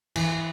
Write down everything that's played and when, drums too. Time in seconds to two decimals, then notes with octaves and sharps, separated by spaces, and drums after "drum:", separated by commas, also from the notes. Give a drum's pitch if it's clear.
0.16 E3, drum: cymbal